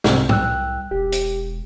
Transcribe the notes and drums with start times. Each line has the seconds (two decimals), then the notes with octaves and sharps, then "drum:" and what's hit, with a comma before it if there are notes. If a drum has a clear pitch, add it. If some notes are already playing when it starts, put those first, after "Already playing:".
0.04 C2 G#2 C3 C4, drum: snare
0.29 G5 E6 F#6, drum: tom
0.91 E1 G4
1.12 drum: hi-hat